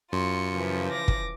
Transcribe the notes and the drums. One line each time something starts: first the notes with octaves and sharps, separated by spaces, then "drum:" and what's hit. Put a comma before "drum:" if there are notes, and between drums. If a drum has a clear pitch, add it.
F#2 F4 C6 C#7
C#3 E3 F3
D6 A#6
drum: kick